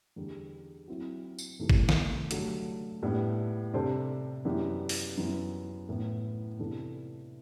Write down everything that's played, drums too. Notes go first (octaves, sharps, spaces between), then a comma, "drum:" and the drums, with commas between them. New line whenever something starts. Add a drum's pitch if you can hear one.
E2 D3 G3
F#3 C4 E4
drum: tambourine
C3 E3 A3
drum: kick
drum: snare
G2 D3 F#3 A3, drum: hi-hat
A2 G3 B3 D4
C3 G3 D4 A4 C5
F#2 E3 B3 D4 G4
drum: open hi-hat
F#2 E3 B3
A2 E3 B3 E4
C3 E3 B3 D4 A4